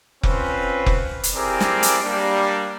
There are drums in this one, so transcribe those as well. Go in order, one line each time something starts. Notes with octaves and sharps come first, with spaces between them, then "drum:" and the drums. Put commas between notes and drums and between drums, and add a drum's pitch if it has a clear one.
C4 C#4 F4 B4 C5, drum: kick F1
drum: kick F1
drum: hi-hat
C4 E4 G4 G#4 A#4 D5
drum: snare
drum: hi-hat
G3 A#3 D4